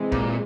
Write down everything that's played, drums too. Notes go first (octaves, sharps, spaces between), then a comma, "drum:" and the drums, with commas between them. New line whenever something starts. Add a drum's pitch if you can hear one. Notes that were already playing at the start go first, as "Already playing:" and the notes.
Already playing: C3 E3 G#3
A#2, drum: kick